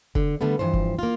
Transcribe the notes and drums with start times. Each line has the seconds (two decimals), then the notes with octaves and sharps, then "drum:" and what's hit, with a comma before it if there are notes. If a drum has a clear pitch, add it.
0.15 D3, drum: kick F1
0.41 D3 G3 A3 B3
0.59 G2 E3 F3 C5
0.73 drum: kick F1
0.99 A#3 F4